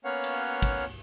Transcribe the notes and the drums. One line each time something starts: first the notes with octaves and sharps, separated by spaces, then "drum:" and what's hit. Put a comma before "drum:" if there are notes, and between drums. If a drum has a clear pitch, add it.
A#3 B3 C#4 C#5 F5 F#5
drum: cymbal
drum: kick, cymbal